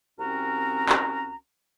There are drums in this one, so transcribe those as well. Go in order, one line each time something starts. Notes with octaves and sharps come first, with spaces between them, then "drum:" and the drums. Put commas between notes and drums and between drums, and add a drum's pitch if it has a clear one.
C2 C4 C#4 F#4 A#4 A#5
drum: clap